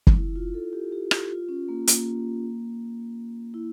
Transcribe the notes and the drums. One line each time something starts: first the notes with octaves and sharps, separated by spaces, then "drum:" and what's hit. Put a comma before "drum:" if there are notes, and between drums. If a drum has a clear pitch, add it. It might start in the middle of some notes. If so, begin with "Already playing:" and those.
drum: kick
E4
F4
A4
G4
G4
G4, drum: rim click
F4
C#4
A#3
A#3, drum: hi-hat
E4